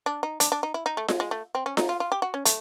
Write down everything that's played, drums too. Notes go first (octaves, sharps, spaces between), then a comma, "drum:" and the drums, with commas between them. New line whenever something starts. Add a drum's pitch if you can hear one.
D4
D#4
D4, drum: hi-hat
D4
D#4
E4
D#4
A3
G#3, drum: snare F4
G#3
A3
C4
C#4
D#4, drum: snare F4
F4
F4
G4
F#4
C#4
A3, drum: hi-hat